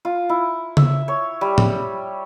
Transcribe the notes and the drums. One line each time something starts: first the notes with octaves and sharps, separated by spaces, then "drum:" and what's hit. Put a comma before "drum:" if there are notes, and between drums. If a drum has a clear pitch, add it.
F4
E4
E5, drum: tom C#3
C#5
G3
drum: tom A2